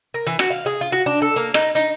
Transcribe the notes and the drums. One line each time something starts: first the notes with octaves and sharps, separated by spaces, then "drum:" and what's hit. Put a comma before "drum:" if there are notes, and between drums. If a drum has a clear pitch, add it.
A#4
E3
F#4, drum: rim click
F5
G#4
F4
F#4
D4
A4
A#3
D#4, drum: rim click
D#4, drum: hi-hat